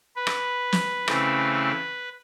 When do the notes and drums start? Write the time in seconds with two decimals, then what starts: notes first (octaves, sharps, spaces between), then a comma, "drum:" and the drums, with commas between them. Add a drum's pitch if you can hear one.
0.16 B4
0.27 drum: rim click
0.72 drum: snare
1.08 C#3 E3 A3 C4, drum: rim click